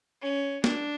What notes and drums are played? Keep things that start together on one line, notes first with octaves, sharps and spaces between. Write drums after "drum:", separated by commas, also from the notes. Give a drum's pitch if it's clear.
C#4
D4, drum: snare